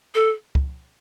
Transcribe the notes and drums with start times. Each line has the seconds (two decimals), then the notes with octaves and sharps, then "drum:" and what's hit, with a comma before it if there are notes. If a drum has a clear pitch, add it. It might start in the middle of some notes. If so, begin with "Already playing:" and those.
0.15 A4
0.55 drum: kick